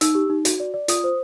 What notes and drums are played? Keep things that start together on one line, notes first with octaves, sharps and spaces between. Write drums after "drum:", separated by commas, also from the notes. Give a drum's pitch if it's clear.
D#4 E6, drum: hi-hat
G4
D#4
F#4, drum: hi-hat
D5
D5
F4 D#6, drum: hi-hat
C5